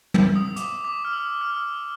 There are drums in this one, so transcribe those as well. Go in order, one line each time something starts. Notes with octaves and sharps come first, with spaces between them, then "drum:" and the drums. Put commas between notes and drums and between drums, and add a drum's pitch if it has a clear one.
E6, drum: tom
D#6
D6, drum: hi-hat
D6
F6
E6
F6